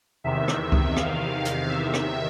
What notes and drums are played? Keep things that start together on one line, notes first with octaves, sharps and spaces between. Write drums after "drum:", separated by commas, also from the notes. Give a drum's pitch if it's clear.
E2 C3 D#3 E5
drum: rim click
E5
drum: kick C#2
F5, drum: rim click
drum: hi-hat
E5
drum: rim click